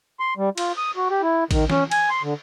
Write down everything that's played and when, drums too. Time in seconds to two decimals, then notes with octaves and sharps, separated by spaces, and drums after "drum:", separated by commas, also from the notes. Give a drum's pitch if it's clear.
0.20 C6
0.37 G3
0.58 F4, drum: cymbal
0.77 D#6
0.96 F#4
1.10 G4
1.22 E4
1.51 D#3, drum: kick A1, cymbal
1.70 C#4, drum: snare E3
1.91 G#5, drum: cymbal
2.10 C6
2.23 D3